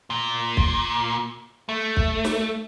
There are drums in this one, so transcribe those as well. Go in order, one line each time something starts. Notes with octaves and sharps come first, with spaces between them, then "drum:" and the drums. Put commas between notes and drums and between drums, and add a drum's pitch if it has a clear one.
A#2
drum: kick
A3
drum: kick
drum: snare